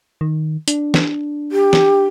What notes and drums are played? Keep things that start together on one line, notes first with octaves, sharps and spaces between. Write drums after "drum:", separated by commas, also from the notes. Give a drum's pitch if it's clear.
D#3
D4, drum: hi-hat
drum: snare
G4
drum: snare